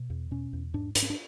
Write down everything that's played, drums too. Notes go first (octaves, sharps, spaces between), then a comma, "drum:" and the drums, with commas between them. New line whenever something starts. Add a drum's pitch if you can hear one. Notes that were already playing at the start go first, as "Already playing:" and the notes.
Already playing: B2
E2
B2 C#4
E2
G#2 D4
G#2 D4, drum: hi-hat
C#4
D4